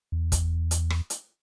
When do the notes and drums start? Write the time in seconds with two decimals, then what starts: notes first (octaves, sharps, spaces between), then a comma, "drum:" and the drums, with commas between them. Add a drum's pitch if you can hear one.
0.12 E2
0.32 drum: kick, hi-hat
0.71 drum: hi-hat
0.90 drum: rim click
1.10 drum: hi-hat